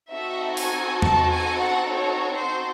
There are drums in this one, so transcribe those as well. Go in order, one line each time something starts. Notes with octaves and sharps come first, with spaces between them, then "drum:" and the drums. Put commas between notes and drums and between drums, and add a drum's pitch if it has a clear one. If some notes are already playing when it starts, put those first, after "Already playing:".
C4 D#4 F#4 A4 E5
G#5, drum: open hi-hat
A5, drum: tom E2
G#5
F#5
C#5
C5